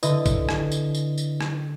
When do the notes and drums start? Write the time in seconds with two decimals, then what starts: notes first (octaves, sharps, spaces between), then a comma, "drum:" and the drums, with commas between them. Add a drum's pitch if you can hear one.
0.03 D3 E4 B4 D#5, drum: tambourine
0.26 drum: kick A1, tambourine
0.49 drum: rim click
0.72 drum: tambourine
0.95 drum: tambourine
1.18 drum: tambourine
1.41 drum: rim click